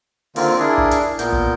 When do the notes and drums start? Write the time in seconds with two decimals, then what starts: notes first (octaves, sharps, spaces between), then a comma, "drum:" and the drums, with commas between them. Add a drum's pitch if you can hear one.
0.36 D3 D#3 A#3 C4 F4 A#4, drum: open hi-hat
0.59 D4 E4 G#4 A#4
0.78 drum: kick
0.91 drum: hi-hat
1.19 A#2 B3 A#4 G6, drum: hi-hat
1.33 drum: kick